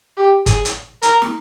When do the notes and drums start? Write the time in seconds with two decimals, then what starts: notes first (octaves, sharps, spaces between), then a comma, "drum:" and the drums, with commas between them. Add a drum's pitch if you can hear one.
0.17 G4
0.46 G#4, drum: kick, hi-hat
0.65 drum: hi-hat
1.02 A#4, drum: hi-hat
1.22 drum: snare